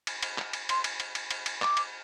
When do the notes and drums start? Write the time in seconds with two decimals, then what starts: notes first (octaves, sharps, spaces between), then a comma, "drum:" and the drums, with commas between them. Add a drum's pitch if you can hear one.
0.07 drum: cymbal
0.23 drum: cymbal
0.38 drum: clap
0.53 drum: cymbal
0.69 C6, drum: cymbal
0.84 drum: cymbal
1.00 drum: cymbal
1.15 drum: cymbal
1.31 drum: cymbal
1.46 drum: cymbal
1.62 D6, drum: clap
1.77 drum: cymbal